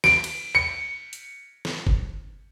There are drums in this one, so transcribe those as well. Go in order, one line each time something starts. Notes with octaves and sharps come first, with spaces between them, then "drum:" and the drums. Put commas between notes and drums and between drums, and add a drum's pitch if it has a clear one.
D7, drum: snare
drum: cymbal
C#7
drum: hi-hat
drum: snare
drum: kick F#1